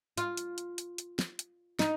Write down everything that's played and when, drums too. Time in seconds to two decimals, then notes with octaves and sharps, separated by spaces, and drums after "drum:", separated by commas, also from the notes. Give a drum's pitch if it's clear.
0.18 F4, drum: hi-hat
0.37 drum: hi-hat
0.58 drum: hi-hat
0.78 drum: hi-hat
0.98 drum: hi-hat
1.19 drum: snare
1.39 drum: hi-hat
1.79 D#4, drum: snare